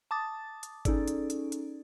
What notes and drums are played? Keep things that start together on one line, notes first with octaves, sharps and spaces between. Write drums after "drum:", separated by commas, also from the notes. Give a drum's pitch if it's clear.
A5 D6 D#6 A6
drum: hi-hat
C#4 D#4 G#4 A4 D5, drum: kick G#1, hi-hat
drum: hi-hat
drum: hi-hat
drum: hi-hat